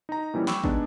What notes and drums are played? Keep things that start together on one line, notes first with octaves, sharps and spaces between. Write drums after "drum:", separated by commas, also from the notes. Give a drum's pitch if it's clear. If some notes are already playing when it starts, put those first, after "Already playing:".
D#4 A#5
A#2 E3 G3 C#4 E4
G5 B5 C#6 D6 E6, drum: snare
G#3 B3 D4 D#4, drum: kick